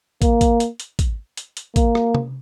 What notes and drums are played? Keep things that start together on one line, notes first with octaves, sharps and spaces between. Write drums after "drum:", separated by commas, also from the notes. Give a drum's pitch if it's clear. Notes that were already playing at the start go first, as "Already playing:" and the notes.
A#3, drum: kick, hi-hat
drum: kick, hi-hat
drum: hi-hat
drum: hi-hat
drum: kick, hi-hat
drum: hi-hat
drum: hi-hat
A#3, drum: kick, hi-hat
drum: rim click
drum: tom C3